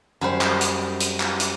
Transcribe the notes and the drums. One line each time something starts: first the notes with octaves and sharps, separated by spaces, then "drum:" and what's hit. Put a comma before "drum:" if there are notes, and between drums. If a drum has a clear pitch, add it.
F#2 G3 C5
drum: clap
drum: hi-hat
drum: hi-hat
drum: clap
drum: hi-hat